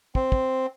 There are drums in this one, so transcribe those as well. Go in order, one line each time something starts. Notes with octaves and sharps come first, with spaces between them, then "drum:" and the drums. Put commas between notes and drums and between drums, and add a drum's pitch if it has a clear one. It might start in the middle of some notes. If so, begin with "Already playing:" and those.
C4, drum: kick
drum: kick